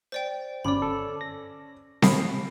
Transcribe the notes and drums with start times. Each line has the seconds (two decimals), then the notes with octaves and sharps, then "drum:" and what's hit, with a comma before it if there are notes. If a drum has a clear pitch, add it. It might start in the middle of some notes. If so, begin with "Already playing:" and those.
0.12 C5 D5 G5
0.65 G1 C#4 D5 B5 D6
0.82 A4
1.21 A#6
2.02 B5 D#6 C7, drum: snare C4